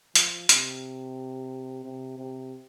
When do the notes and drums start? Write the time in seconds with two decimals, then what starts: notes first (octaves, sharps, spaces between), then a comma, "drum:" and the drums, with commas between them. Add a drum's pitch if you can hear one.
0.15 F3, drum: hi-hat
0.49 C3, drum: hi-hat
1.84 C3
2.18 C3